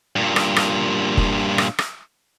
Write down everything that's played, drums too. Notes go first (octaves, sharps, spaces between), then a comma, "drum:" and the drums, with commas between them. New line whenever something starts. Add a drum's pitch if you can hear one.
G2 A#2
drum: rim click
drum: rim click
drum: kick F1
drum: rim click
drum: rim click